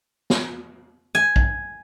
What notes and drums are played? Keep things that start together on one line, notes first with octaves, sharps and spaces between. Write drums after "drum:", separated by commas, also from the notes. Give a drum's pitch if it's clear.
drum: snare
G#5
drum: kick